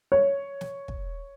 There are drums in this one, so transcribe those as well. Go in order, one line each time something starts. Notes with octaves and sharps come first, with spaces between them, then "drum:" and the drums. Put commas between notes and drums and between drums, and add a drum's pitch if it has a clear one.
C#5
drum: snare
drum: kick